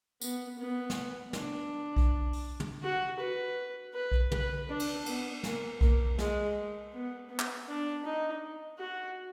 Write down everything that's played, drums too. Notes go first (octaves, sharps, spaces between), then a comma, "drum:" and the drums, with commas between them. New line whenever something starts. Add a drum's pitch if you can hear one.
B3, drum: tambourine
B3
drum: snare
D4, drum: snare
drum: kick B1
drum: open hi-hat
drum: tom
F#4
B4
B4
drum: kick B1
B4, drum: tom
D4
drum: cymbal
B3, drum: cymbal
A#3, drum: snare
A#3, drum: kick B1
G#3, drum: snare
B3
B3
drum: clap
D4
D#4
F#4